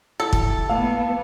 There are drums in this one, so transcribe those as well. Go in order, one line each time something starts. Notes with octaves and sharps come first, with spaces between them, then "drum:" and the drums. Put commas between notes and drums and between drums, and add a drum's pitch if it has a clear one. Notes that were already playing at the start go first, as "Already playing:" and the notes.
E4 G4 A4
drum: kick
A2 A#3 B3 F5 A5